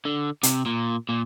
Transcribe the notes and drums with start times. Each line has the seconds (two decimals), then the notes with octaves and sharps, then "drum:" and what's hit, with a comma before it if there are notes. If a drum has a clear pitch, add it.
0.05 D3
0.43 C3, drum: hi-hat
0.66 A#2
1.09 A#2